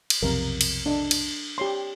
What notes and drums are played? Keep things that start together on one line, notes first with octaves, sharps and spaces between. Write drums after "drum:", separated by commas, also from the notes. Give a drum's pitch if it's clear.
drum: cymbal
B1 F2 C3 A#4
drum: cymbal
D4 D#5
drum: cymbal
G4 C#5 C6